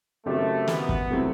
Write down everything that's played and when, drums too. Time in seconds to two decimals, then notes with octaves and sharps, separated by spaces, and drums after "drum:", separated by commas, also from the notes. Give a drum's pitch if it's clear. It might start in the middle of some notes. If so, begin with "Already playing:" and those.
0.25 F#1 F#2 F#3 A3 C4 G4
0.68 B3, drum: snare
0.89 drum: kick
1.10 C3 F#3 A3 C4 E4